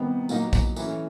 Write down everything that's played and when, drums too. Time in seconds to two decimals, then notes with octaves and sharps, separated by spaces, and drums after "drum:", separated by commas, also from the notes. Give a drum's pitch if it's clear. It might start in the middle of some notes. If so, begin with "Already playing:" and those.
Already playing: C3 D#3 G3 B3
0.29 A#2 F#3 A#3 D#4, drum: tambourine
0.53 drum: kick, tambourine
0.76 E3 A3 C#4, drum: tambourine